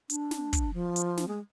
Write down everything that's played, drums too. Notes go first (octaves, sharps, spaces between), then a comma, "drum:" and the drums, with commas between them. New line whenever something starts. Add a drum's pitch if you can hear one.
D4, drum: hi-hat
drum: snare
drum: kick, hi-hat
F3
drum: hi-hat
drum: snare
G#3